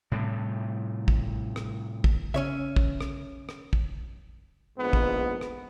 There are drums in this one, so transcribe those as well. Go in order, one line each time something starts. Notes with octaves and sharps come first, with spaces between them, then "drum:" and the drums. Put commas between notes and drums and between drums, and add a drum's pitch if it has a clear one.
A2 C3 G3
drum: kick
drum: rim click
drum: kick
C#3 C#4 C#5 E5
drum: kick
drum: rim click
drum: rim click
drum: kick
A#1 G#2 B3
drum: kick
drum: rim click